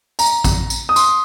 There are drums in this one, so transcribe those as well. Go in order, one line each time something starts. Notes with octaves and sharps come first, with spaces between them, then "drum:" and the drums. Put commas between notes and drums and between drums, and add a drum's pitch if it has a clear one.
A#5, drum: tambourine
drum: kick A1, tambourine
drum: tambourine
D#6
C6, drum: tambourine